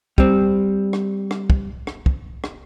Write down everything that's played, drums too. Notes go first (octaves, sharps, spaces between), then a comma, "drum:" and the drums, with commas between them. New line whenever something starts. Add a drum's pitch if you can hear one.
G3 C4, drum: kick
drum: rim click
drum: rim click
drum: kick
drum: rim click
drum: kick
drum: rim click